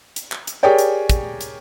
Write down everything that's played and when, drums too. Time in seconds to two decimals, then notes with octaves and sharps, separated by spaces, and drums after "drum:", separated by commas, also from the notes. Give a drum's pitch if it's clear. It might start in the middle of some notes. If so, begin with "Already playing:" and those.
0.16 drum: hi-hat
0.32 drum: clap
0.47 drum: hi-hat
0.63 G4 G#4 A#4 C#5 D5 G5
0.78 drum: hi-hat
1.10 drum: kick, hi-hat
1.41 drum: hi-hat